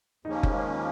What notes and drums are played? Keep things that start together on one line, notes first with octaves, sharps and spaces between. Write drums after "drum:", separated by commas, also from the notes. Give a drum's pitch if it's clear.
D#2 C#3 F3 A#3 C#4 D#4
drum: kick F#1
G#3